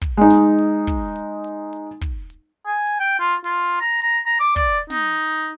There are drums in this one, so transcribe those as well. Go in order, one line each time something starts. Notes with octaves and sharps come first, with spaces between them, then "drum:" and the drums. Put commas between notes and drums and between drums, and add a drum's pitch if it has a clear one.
drum: kick, hi-hat
G#3 D#4
drum: snare
drum: hi-hat
drum: kick
drum: hi-hat
drum: hi-hat
drum: hi-hat
drum: kick, hi-hat
drum: hi-hat
G#5
drum: hi-hat
G5
F4
F4, drum: hi-hat
A#5
A#5, drum: hi-hat
A#5
D6
D5, drum: kick, hi-hat
D#4, drum: snare
drum: hi-hat